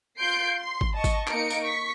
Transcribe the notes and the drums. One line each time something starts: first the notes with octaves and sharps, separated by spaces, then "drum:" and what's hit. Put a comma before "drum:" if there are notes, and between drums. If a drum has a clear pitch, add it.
F4 C6 G6 C7 D7
C6
drum: kick G#1
D#5 A5 C#6
drum: kick G#1, tambourine
A#3 D#4 C#7 D7, drum: clap
drum: tambourine
C#6 B6